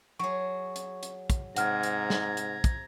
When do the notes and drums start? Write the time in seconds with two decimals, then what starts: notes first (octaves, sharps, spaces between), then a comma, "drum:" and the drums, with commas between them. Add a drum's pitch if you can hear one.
0.19 F#3 G#4 C#6
0.76 drum: hi-hat
1.03 drum: hi-hat
1.30 drum: kick, hi-hat
1.56 G#2 C3 F#5 A#5 F6 G#6, drum: hi-hat
1.83 drum: hi-hat
2.10 drum: snare
2.37 drum: hi-hat
2.64 drum: kick, hi-hat